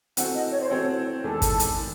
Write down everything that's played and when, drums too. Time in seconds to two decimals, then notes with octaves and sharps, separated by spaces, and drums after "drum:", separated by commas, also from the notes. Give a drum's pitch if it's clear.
0.17 E3 C4 F#4 A4 F#5, drum: hi-hat
0.35 D#5
0.52 C#5
0.62 C5
0.70 E3 C4 F#4 A4 C#5
1.24 E2 D#3 G#3 A4
1.42 drum: kick, hi-hat
1.60 drum: hi-hat
1.79 D#3